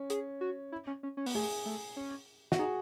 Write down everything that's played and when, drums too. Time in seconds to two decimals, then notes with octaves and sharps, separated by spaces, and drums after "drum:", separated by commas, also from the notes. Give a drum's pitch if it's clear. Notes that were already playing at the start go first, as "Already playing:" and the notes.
Already playing: C#4
0.10 G#4, drum: hi-hat
0.41 F#4
0.72 E4
0.87 C#4
1.03 C#4
1.17 C#4
1.26 B3, drum: open hi-hat
1.35 A3 G#4
1.66 A3
1.96 C#4
2.52 F#4, drum: snare
2.59 D#4 G#4